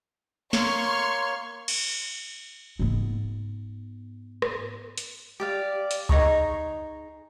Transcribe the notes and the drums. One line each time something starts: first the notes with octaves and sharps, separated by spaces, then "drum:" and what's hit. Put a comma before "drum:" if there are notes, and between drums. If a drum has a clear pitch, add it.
A#3 C#5 C6 C#6 F6, drum: snare
drum: cymbal
G#2 B3
drum: rim click
drum: hi-hat
G4 D5 F5
drum: hi-hat
D#4 G#4 A#5 C#6, drum: kick C#2